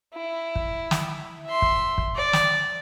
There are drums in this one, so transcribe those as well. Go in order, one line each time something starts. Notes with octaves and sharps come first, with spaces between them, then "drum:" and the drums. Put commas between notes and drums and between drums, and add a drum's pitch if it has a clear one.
E4
drum: kick
drum: snare
E5 C6
drum: kick
drum: kick
D5
drum: snare